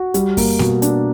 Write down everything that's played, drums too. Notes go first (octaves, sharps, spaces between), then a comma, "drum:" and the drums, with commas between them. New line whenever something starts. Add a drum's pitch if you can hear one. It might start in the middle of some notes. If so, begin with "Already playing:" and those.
Already playing: F#4
G3, drum: hi-hat
A#3, drum: kick F#2, open hi-hat
B2, drum: snare A#3
D4, drum: hi-hat